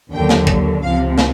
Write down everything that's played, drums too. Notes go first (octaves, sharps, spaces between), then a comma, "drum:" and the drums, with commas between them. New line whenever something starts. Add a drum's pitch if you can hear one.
D#2 D3 F#3 G5
drum: snare
drum: kick
C#2 C3 F3 F5
drum: snare